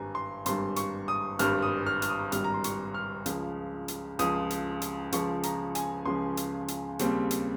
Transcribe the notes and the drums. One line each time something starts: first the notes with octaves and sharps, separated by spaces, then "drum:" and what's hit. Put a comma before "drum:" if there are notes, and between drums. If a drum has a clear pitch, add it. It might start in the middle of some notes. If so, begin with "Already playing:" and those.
Already playing: G#1 G2 G3 G#5 A#5
C6
G#1 G2 G3 C6, drum: hi-hat
C#6, drum: hi-hat
D#6
G#1 G2 G3 F6, drum: hi-hat
D#6
F6
F6, drum: hi-hat
D#6
G#1 G2 G3 F6, drum: hi-hat
A#5
C6
C#6, drum: hi-hat
F6
C#2 C#3 F3, drum: hi-hat
drum: hi-hat
C#2 C#3 F3 D#6, drum: hi-hat
drum: hi-hat
drum: hi-hat
C#2 C#3 F3 C#6, drum: hi-hat
A#5, drum: hi-hat
G#5, drum: hi-hat
C#2 C#3 F3 C6
drum: hi-hat
drum: hi-hat
D#2 C#3 G3 C4, drum: hi-hat
drum: hi-hat